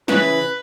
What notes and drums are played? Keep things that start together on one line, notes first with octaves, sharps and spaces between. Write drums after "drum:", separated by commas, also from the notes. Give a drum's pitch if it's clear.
C#3 E3 B4, drum: snare